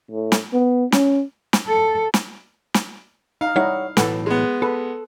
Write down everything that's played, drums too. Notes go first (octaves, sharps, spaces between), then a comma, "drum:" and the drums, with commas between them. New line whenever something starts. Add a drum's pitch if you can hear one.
A2
drum: snare
B3
C#4, drum: snare
drum: snare
A4
drum: snare
drum: snare
D#4 F5
G3 D#4 E4 C#5 F#5
B1 A2 E3 A4 B4 F#5, drum: snare
G#3 B3
A4 B4